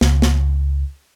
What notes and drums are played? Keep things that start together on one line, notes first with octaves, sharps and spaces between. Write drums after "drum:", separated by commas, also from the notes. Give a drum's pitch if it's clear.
C#2, drum: snare
drum: snare